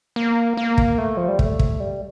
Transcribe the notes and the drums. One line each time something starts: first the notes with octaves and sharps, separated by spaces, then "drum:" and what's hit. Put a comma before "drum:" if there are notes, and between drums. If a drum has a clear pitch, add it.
A#3
A#3
drum: kick
A3
F3
G3
A3, drum: kick
drum: kick
G3